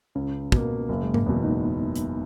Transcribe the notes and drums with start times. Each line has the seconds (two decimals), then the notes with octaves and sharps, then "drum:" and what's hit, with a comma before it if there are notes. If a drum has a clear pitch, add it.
0.15 C#2 C#4
0.52 B2 A#3, drum: kick
0.89 F#1 A#3
1.03 G#3
1.14 A#3, drum: tom G#2
1.26 E2 B2 B3
1.44 D#4
1.96 drum: hi-hat